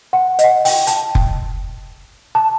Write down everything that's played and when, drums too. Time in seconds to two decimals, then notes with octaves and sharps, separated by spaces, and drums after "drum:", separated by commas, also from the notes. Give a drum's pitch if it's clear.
0.13 F#5
0.39 D#5, drum: hi-hat
0.44 F#5
0.65 G5, drum: open hi-hat
0.87 A5, drum: hi-hat
1.15 drum: kick F1
2.35 A5